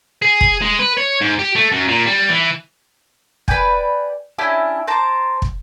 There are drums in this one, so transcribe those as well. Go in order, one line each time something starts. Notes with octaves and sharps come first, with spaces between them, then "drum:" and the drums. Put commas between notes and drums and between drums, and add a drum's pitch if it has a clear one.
G#4
drum: kick
G#3
B4
C#5
G#2
G4
A3
F#2
A#2
G3
E3
B4 D5 G5 G#5, drum: kick
C#4 D4 E4 G4
C5 A5 A#5 D6
drum: kick